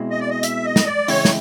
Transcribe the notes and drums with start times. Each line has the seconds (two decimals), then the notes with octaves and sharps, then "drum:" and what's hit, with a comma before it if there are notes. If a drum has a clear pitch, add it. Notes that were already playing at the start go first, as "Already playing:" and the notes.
Already playing: B2 G#3 C4 E4
0.10 D#5
0.20 D5
0.30 D#5
0.43 E5, drum: hi-hat
0.65 D#5
0.76 drum: snare
0.86 D5
1.08 C#3 E3 G#3 C4 E4 C#5, drum: open hi-hat
1.25 drum: snare